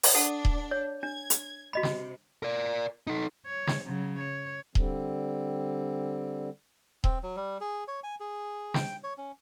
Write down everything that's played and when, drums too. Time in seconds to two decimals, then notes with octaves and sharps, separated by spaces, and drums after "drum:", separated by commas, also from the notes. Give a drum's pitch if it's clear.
0.03 drum: open hi-hat
0.15 D4 A4 F#5 A5
0.45 drum: kick D#1
0.71 C#5
1.03 D4 G#6
1.30 drum: hi-hat
1.73 C3 F#4 D#5 B5
1.83 drum: snare
2.43 A#4 D5
3.07 D#4 A4
3.46 C#5
3.67 drum: snare
3.85 C#3 F#3
4.20 C#5
4.75 D3 G3 C4, drum: kick D#1
7.04 C4, drum: kick D#1
7.23 F#3
7.36 G3
7.61 G#4
7.88 C#5
8.04 G#5
8.20 G#4
8.74 G5, drum: snare
9.04 C#5
9.18 C#4